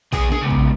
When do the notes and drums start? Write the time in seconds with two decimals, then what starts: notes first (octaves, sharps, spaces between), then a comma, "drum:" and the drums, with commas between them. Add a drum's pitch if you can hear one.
0.13 E2 G#4 G#5, drum: kick A#1, open hi-hat
0.32 G#4 G#5, drum: snare
0.41 C#3 G#3 B3
0.51 drum: kick A#1